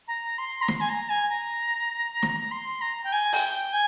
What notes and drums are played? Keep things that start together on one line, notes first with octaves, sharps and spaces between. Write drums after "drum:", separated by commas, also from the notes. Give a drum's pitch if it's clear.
A#5
C6
A#5
C6, drum: snare
G#5
A#5
G#5
A#5
drum: snare
A#5
C6
A#5
G5
G#5
G5, drum: open hi-hat
G5
G#5